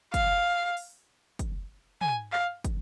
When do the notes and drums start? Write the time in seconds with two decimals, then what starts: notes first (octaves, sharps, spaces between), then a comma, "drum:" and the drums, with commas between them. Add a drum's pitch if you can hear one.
0.14 F5, drum: kick, hi-hat
0.77 drum: open hi-hat
1.39 drum: kick, hi-hat
2.01 G#5, drum: tom
2.33 F5, drum: clap
2.64 drum: kick, hi-hat